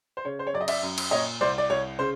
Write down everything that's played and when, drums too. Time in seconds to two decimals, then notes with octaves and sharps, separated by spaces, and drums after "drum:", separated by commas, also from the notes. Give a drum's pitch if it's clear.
0.17 C5
0.25 C#3 C#5
0.39 C5
0.47 C#5
0.54 F#2 D5
0.61 D#5
0.68 D5 E5, drum: cymbal
0.83 F#2
0.98 drum: cymbal
1.11 A#2 C#5 D#5
1.41 C2 C5 D5
1.58 D5
1.70 C2 C#5
1.99 C#3 C5